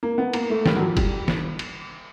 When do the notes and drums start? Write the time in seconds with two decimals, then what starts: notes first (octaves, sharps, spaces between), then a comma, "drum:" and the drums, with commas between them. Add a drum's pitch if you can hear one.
0.03 A#3
0.18 B3
0.33 A#3, drum: cymbal
0.50 A3
0.66 G3, drum: snare
0.76 F#3
0.81 F3
0.97 G3, drum: kick F#1, cymbal
1.28 drum: snare
1.59 drum: cymbal